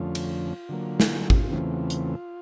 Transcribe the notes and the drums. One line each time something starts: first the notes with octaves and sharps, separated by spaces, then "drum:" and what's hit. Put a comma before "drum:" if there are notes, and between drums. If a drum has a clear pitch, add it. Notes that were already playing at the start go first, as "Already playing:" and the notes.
Already playing: F2 D3 F3 A3 C#4 F4
drum: cymbal
D3 F#3 A#3
drum: snare
drum: kick G#1
E2 C#3 E3 A3 C4
drum: hi-hat